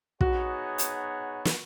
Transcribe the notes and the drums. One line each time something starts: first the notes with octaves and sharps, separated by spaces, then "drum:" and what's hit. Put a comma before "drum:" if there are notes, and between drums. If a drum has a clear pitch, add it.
B3 D#4 F#4 G#4 C#5 F#5, drum: kick
drum: hi-hat
drum: snare